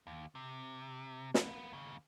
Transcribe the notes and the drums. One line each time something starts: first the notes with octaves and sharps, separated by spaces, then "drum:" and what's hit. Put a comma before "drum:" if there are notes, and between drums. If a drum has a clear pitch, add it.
D#2
C3
A#3 B3, drum: snare
D#2 C#3